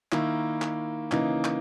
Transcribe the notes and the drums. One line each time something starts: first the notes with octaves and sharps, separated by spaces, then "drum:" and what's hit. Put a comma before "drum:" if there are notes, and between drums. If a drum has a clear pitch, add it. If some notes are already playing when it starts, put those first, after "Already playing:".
D#3 A#3 E4, drum: clap
drum: clap
C#3 E3 A#3 D#4, drum: clap
drum: clap